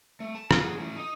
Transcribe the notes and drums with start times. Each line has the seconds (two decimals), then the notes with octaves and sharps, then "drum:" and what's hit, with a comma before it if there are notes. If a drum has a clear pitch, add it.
0.20 A3
0.35 A5
0.51 B3 F5, drum: rim click
0.63 G#4 F#5
0.79 E3 A3
0.96 D#4 D#5